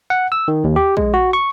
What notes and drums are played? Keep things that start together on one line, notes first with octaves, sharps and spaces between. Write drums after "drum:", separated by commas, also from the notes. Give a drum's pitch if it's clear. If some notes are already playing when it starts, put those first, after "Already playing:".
F#5
E6
D#3
D#2
G4
G#3, drum: kick A#1
F#4
C#6